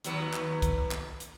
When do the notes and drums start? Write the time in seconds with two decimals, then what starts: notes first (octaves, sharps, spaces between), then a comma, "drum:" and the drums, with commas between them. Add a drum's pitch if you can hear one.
0.04 D#2 F#3 B3, drum: hi-hat
0.33 drum: clap
0.62 drum: kick, hi-hat
0.91 drum: clap
1.20 drum: hi-hat